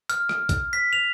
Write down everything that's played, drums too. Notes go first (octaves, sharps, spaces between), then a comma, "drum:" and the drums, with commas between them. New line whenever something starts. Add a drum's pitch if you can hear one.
F6, drum: hi-hat
drum: rim click
drum: kick A1, hi-hat
B6
F7